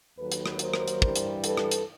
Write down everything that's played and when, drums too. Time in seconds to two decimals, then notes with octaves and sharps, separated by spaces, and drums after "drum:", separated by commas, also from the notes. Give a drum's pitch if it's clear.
0.18 D#2 D#3 F#3 A4 B4
0.32 drum: hi-hat
0.46 drum: rim click
0.59 A#4 C5, drum: hi-hat
0.74 drum: rim click
0.88 drum: hi-hat
1.02 G2 E3 G3, drum: kick
1.15 drum: hi-hat
1.44 A4 B4, drum: hi-hat
1.57 drum: rim click
1.71 drum: hi-hat